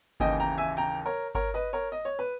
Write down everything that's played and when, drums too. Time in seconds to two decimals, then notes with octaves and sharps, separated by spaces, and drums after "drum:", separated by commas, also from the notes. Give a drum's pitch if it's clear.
0.20 D#2 C#3 E3 D#5 G5, drum: kick G1
0.40 G5 A#5
0.58 E5 G#5
0.77 G5 A#5
1.06 A#4 C#5
1.35 A#4 C#5, drum: kick G1
1.54 B4 D#5
1.73 A#4 C#5
1.92 D#5
2.05 C#5
2.19 B4